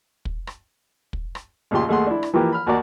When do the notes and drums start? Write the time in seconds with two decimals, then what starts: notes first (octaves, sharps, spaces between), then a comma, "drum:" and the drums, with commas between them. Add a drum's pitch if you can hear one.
0.25 drum: kick
0.47 drum: rim click
1.13 drum: kick
1.35 drum: rim click
1.71 D#2 A#2 C#3 F4 G4 C6
1.88 D#2 A3 G#4 F#5 C6
2.07 D4 E4
2.23 drum: rim click
2.34 E3 F3 A#3 G4 A#4 B4
2.52 B5 F6
2.67 D#2 F#4 A#4 D5